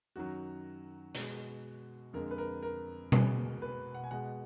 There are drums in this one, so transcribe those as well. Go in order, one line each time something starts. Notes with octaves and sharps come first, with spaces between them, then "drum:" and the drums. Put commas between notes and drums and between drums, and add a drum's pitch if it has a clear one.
F#2 D#3 F#3 F#4
B2 G#3, drum: hi-hat
F2 D3 G#3 A#4
B4
A#4
A#4
B2 G#3, drum: tom
B4
F#5
G#5
B2 G#3 F#5